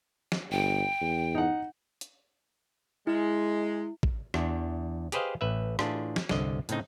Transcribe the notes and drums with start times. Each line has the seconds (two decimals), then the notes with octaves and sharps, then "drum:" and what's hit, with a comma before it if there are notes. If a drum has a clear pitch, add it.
0.32 drum: snare
0.52 G1 G5
1.01 E2
1.35 D#4 F#5
2.01 drum: hi-hat
3.07 G#3 E4
4.03 drum: kick
4.34 E2 D4, drum: rim click
5.12 G4 G#4 B4 C5 D#5 F5, drum: hi-hat
5.41 A1 B4 E5
5.79 A2 E3 D4 F4 G#4, drum: rim click
6.16 drum: snare
6.29 G1 C2 D3 D#5, drum: snare
6.69 A2 C#3 C4 D#4, drum: hi-hat